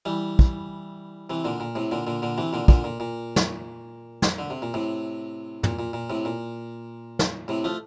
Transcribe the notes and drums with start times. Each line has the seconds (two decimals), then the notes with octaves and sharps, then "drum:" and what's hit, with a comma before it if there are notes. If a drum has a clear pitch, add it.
0.05 E3 G3
0.39 drum: kick
1.30 C3 E3
1.44 A#2 D3
1.60 A#2
1.75 A2 C3
1.92 A#2 D3
2.07 A#2 D3
2.22 A#2 D3
2.38 C3 E3
2.53 A#2 D3
2.68 A#2 D3, drum: kick
2.84 A#2
3.00 A#2
3.36 drum: snare
4.22 drum: snare
4.39 D3
4.50 C3
4.62 A#2
4.74 A2 C3
5.64 A#2, drum: tom
5.79 A#2
5.93 A#2
6.10 A2 C3
6.25 A#2
7.19 drum: snare
7.48 A2 C3
7.64 F3 A3